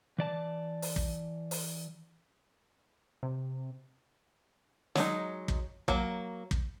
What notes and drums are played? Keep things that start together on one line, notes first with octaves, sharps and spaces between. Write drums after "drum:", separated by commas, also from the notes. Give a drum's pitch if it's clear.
E3 D5 A5
drum: open hi-hat
drum: kick
drum: open hi-hat
C3
F#3 G#3 D#4, drum: snare
drum: kick
F#3 A#3, drum: kick
drum: kick